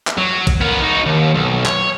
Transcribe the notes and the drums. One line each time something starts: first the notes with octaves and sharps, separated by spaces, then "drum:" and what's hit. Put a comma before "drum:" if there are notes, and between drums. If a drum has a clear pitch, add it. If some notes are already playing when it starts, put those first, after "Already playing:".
drum: clap
F#3
drum: kick A1, cymbal
B3 A#4
D#4 F#4
D#2
B1
C#5, drum: clap